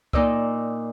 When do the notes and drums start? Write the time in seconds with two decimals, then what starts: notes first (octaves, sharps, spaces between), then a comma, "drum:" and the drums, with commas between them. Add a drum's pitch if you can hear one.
0.13 A#2 D#4 D5 D#5 E6, drum: kick C#2